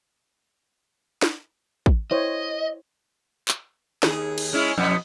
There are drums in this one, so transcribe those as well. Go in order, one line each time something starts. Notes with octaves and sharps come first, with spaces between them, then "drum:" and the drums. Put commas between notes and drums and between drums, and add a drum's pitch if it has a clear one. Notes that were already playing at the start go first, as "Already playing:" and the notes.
drum: snare
drum: kick
E4 C5 C#5 D#5
drum: clap
D#2 G#4, drum: snare
drum: cymbal
G#3 C#4 E4
F2 B2 B3